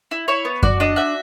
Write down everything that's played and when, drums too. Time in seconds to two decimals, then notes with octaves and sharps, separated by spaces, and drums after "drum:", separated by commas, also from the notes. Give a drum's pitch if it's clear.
0.11 E4
0.28 E4 C#5
0.45 B3
0.63 F#4 D5, drum: kick F#2
0.80 D4 D#5
0.96 F#4 E5